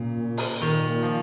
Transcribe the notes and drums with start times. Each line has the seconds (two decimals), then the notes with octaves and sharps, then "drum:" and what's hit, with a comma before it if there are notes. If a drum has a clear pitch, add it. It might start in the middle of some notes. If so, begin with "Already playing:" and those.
Already playing: A#2 C#3
0.37 drum: open hi-hat
0.62 D#3
1.03 F3